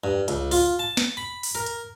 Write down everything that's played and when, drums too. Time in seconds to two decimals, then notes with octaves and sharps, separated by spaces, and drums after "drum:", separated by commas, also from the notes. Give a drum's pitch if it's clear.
0.04 G2
0.28 C#2, drum: hi-hat
0.51 F4, drum: open hi-hat
0.79 A5
0.97 drum: snare
1.17 B5
1.43 drum: open hi-hat
1.55 A#4
1.66 drum: hi-hat